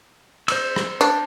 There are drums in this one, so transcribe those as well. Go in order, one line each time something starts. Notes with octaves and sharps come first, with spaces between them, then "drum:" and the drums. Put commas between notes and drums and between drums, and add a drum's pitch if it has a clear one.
C5 E6, drum: cymbal
drum: rim click
D4